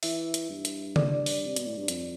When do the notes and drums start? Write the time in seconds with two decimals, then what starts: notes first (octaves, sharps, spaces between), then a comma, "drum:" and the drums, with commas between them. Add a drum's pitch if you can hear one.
0.03 E3 E5, drum: open hi-hat
0.34 drum: hi-hat
0.50 G2
0.65 drum: hi-hat
0.96 D5, drum: tom C#3
1.26 drum: open hi-hat
1.46 C3
1.56 B2, drum: hi-hat
1.67 A2
1.78 G2
1.88 F2, drum: hi-hat